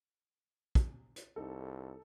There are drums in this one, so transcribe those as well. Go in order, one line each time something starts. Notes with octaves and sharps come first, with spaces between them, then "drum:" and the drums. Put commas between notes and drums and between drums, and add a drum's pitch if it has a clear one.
drum: kick, hi-hat
drum: hi-hat
C2 D#4 A4